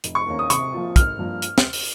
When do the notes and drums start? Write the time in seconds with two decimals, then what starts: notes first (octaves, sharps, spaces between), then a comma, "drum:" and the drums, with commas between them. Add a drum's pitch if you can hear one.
0.04 F1, drum: hi-hat
0.15 C#6
0.27 D#2 D#3 A#3 C#4
0.39 D#6
0.50 C3 C#6, drum: hi-hat
0.73 F3 A#3 F4
0.96 G#1 F6, drum: kick, hi-hat
1.19 G2 F3 A#3
1.42 drum: hi-hat
1.58 drum: snare
1.73 drum: open hi-hat